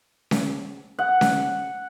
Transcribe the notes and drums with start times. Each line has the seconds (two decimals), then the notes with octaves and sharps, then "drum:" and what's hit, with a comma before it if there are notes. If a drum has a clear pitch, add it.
0.31 drum: snare C#4
0.99 F#5
1.21 drum: snare C#4